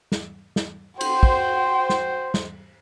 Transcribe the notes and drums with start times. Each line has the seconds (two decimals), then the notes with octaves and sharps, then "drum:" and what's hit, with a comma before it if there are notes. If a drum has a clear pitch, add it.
0.12 drum: snare
0.56 drum: snare
1.01 F#4 C5 G5, drum: cymbal
1.23 drum: kick
1.90 drum: snare
2.34 drum: snare